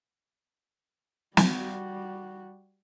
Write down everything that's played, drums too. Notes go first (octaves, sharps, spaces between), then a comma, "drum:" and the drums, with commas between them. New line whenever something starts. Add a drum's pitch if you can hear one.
G3 F#4, drum: snare